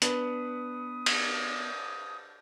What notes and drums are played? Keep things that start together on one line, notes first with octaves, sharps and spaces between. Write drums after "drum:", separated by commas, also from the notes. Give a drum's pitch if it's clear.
B3 D4 B4 D#6, drum: hi-hat
drum: cymbal